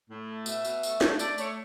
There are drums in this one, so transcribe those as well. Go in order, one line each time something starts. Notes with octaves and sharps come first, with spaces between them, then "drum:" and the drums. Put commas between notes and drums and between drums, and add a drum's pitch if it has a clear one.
A2
A3
B2 E5, drum: tambourine
B2, drum: tambourine
A3, drum: tambourine
A3, drum: snare
A3 D5, drum: tambourine
A3 C#5, drum: tambourine